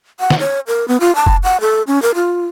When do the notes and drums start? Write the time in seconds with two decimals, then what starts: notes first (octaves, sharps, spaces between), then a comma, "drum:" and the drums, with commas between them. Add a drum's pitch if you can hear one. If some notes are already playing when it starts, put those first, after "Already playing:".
0.20 F#5
0.30 drum: snare
0.40 C#5
0.68 A#4
0.88 B3
1.00 F4
1.16 A5
1.26 drum: kick F1
1.44 F#5
1.61 A4
1.87 C#4
2.02 A#4
2.15 F4